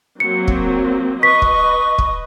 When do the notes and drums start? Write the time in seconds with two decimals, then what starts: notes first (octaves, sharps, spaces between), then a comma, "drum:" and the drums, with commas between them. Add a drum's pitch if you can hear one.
0.20 F#3 A#3 C4 C#7
0.48 drum: kick
1.23 B4 D#5 C#6 B6
1.42 drum: kick
1.98 drum: kick